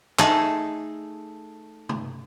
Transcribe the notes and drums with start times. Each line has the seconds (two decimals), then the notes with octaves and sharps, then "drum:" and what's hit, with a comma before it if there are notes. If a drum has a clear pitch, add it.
0.19 A3 D#4 G#4 A4, drum: clap
1.89 drum: tom